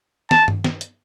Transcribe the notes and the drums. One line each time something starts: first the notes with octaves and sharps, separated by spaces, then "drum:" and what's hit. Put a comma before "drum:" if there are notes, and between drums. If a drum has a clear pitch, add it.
A5, drum: snare
drum: tom G2
drum: snare
drum: hi-hat